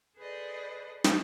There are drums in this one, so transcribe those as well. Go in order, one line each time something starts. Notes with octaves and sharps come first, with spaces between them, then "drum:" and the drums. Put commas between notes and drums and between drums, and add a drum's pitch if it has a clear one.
G#4 A4 B4 C5 D5 D#5
drum: snare